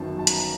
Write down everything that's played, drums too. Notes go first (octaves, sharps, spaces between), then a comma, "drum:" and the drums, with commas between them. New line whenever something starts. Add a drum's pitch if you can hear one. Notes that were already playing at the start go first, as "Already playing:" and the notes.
Already playing: G1 F#2 D#3 A5
A5
A#5, drum: hi-hat
A5